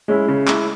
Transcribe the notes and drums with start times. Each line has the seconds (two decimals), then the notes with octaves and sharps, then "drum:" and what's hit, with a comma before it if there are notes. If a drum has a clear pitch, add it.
0.08 G#3 C#4 E4
0.28 C#3
0.48 G#3 E4, drum: clap